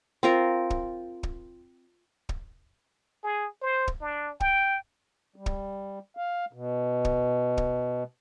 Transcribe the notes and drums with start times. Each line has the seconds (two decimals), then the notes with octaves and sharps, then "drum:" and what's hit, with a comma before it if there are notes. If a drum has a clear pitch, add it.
0.23 C4 F4 A#4
0.70 drum: kick
1.23 drum: kick
2.29 drum: kick
3.23 G#4
3.62 C5
3.88 drum: kick
4.01 D4
4.40 G5, drum: kick
5.36 G3
5.46 drum: kick
6.17 F5
6.53 B2
7.05 drum: kick
7.57 drum: kick